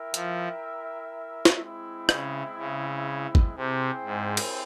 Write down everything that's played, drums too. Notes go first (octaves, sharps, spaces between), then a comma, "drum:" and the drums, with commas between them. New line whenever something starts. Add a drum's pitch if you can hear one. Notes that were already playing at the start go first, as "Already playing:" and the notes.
Already playing: E4 A#4 E5 G5
F3, drum: hi-hat
drum: snare
G#3 C4 E4
C#3, drum: rim click
C#3
drum: kick G#1
C3 C4 E4 G#4 C5 G5
G#2
drum: cymbal